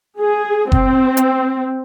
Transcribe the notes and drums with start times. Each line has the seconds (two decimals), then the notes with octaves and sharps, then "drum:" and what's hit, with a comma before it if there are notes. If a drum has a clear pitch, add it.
0.19 G#4
0.72 C4, drum: kick F#1
1.17 drum: hi-hat